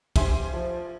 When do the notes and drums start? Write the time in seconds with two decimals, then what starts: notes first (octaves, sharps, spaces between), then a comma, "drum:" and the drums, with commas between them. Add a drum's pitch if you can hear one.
0.16 G4 C5 E5 G#5 C6, drum: kick, cymbal
0.53 F3